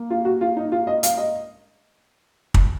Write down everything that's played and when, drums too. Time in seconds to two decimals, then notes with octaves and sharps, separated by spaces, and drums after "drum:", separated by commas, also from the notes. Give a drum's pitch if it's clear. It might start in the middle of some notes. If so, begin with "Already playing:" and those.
Already playing: A#3
0.10 F4
0.25 F#4
0.41 F4
0.57 D#4
0.72 F4
0.87 D#5
1.03 F5, drum: hi-hat
1.17 D#5
2.54 drum: kick